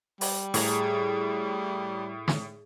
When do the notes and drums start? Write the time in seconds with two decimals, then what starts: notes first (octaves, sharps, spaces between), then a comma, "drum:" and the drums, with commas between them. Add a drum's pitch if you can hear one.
0.21 G3, drum: open hi-hat
0.54 A2 G#4 A#5, drum: open hi-hat
2.28 drum: snare